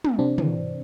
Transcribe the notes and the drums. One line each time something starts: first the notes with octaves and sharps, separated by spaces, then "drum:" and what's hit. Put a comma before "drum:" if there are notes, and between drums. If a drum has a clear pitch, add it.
drum: tom
C3 C4 D4
E3, drum: tom